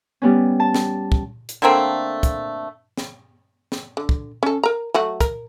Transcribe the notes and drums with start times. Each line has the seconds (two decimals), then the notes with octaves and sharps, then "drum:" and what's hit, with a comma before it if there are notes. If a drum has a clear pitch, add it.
0.22 G3 B3 C#4
0.60 A5
0.74 drum: snare
1.12 drum: kick
1.49 drum: hi-hat
1.62 D3 A3 A#3 C4
2.23 drum: kick, hi-hat
2.97 drum: snare
3.72 drum: snare
3.97 D3
4.09 drum: kick
4.43 C#4 A4
4.64 A#4 A#5
4.94 F#3 A3 F#4
5.20 A#4, drum: kick, hi-hat